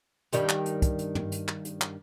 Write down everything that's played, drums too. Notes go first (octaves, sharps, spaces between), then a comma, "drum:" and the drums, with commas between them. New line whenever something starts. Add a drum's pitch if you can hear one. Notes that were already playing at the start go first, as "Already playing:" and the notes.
G2 D#3 G3, drum: hi-hat
drum: clap
drum: hi-hat
drum: kick, hi-hat
drum: hi-hat
drum: tom
drum: hi-hat
drum: clap
drum: hi-hat
drum: clap